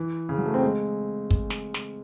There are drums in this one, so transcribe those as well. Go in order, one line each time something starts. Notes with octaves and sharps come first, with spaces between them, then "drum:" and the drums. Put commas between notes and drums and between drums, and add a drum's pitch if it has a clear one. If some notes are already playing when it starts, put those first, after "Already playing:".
Already playing: E3
C#3
F#3
A3
C4
G#3
drum: kick
drum: snare
drum: snare